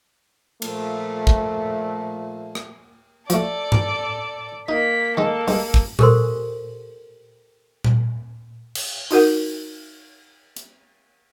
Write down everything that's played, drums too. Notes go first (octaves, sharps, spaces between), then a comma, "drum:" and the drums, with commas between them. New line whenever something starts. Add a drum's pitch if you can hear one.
A#2 F3 A3, drum: cymbal
drum: kick
drum: rim click
F3 A3 A4 D5, drum: hi-hat
drum: tom G2
A#3 D#4 B6
D#3 G#3 A#3 A4
G2 G#3, drum: open hi-hat
drum: kick
G4 A4 A#4 C5 C6, drum: tom A#2
drum: tom A#2
drum: cymbal
D#4 F#4 A#4 F#5, drum: open hi-hat
drum: hi-hat